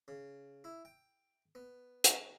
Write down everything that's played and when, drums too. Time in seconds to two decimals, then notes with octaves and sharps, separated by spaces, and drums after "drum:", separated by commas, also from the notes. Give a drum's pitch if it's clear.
0.08 C#3
0.64 E4
0.85 G5
1.55 B3
2.04 drum: hi-hat